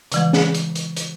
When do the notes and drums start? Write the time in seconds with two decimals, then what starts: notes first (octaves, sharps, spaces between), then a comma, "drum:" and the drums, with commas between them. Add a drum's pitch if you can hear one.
0.12 C#3 E3 G#3, drum: hi-hat
0.33 drum: snare
0.54 drum: hi-hat
0.75 drum: hi-hat
0.96 drum: hi-hat